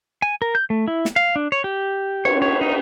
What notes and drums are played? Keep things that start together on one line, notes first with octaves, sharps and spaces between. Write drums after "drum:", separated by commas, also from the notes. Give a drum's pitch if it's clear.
G#5
A#4
G6
A3
E4
drum: snare
F5
D4
C#5
G4
C#5, drum: cymbal
C#5
D#4